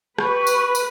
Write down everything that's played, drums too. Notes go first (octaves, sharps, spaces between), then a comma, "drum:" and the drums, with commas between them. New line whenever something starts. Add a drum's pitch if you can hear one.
G4 B4 C#6, drum: rim click
drum: tambourine
drum: tambourine